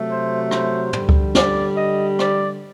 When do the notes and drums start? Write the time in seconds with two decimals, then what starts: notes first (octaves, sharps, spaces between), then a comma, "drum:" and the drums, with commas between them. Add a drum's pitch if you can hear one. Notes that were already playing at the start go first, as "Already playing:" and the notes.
Already playing: C3 F#3 A3
0.10 C5
0.51 C5, drum: rim click
0.93 D3 G3, drum: tom
1.09 drum: kick C#2
1.35 D5, drum: snare
1.77 D#5
2.19 D5, drum: rim click